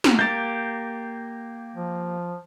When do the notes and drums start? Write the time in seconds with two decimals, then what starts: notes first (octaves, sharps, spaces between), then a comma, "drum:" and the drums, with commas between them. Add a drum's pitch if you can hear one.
0.04 drum: snare
0.19 A#3 G4 G6 A6
1.76 F3